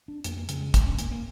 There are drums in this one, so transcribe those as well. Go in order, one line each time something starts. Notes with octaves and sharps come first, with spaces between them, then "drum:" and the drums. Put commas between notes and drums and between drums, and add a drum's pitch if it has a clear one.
D4
F2 A#3, drum: hi-hat
A#3
C#3 G#3, drum: hi-hat
G#3
G#2, drum: kick, hi-hat
C#4
A#3, drum: hi-hat
A#3